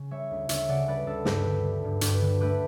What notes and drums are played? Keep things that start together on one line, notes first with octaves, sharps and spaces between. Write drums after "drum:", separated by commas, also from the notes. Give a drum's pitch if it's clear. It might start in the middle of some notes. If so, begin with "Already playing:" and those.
Already playing: C#3
G3 C#5 E5
D2
D2 C#5 E5, drum: hi-hat
C#3 D5 F#5
G3 B4 D5
D2 A4
G2 G4 B4, drum: snare
D3
A3
G2
G2 G4 B4, drum: hi-hat
D3
A3 G4 B4